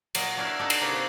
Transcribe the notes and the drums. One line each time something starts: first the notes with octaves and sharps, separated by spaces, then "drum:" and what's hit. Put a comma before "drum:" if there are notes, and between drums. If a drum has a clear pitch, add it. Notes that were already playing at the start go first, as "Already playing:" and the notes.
A#2 F#3 D#5, drum: cymbal
F#3 D4 E4 B4 F5
D4 D#4 A4
drum: cymbal
C3 A#3 D#4 B4 C#5 F5
C4